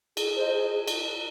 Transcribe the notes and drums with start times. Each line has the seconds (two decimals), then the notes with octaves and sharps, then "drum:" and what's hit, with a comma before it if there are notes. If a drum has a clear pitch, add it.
0.17 G#4, drum: cymbal
0.35 C5 D#5
0.53 G#4
0.88 drum: cymbal